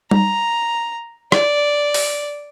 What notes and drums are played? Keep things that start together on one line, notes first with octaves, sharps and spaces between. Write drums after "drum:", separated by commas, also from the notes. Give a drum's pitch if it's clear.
A#5, drum: tom G3
D5, drum: rim click
drum: open hi-hat